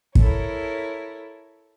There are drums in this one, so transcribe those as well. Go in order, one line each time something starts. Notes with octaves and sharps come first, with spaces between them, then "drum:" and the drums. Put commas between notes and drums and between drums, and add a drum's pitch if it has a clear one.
E4 A4 A#4 C#5, drum: kick